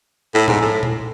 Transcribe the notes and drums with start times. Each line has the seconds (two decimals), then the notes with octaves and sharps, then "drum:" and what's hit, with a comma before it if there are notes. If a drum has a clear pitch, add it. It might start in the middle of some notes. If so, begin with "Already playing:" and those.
0.35 A2
0.48 G#2, drum: tom A2
0.61 A2
0.83 drum: tom A#2